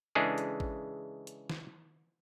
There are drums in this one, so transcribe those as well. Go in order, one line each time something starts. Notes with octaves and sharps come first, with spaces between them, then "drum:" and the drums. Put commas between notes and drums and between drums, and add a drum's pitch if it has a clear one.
C#3 E3 G#3 D4 G#4 A4
drum: hi-hat
drum: kick G#1
drum: hi-hat
drum: snare